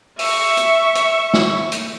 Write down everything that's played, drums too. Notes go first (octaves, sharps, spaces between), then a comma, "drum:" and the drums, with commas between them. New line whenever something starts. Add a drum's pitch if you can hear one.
E5 C#6, drum: open hi-hat
drum: hi-hat
drum: hi-hat
drum: snare
drum: hi-hat